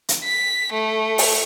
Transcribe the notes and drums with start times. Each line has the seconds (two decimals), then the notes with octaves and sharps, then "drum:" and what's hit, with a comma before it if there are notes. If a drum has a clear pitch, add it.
0.09 drum: hi-hat
0.24 B6
0.73 A3
1.18 drum: open hi-hat